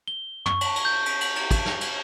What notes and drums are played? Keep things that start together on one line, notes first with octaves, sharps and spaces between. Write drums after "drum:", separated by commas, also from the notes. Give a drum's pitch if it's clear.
G7
C#6, drum: tom
drum: cymbal
drum: cymbal
G6
drum: cymbal
drum: cymbal
drum: cymbal
drum: kick, cymbal
drum: snare
drum: cymbal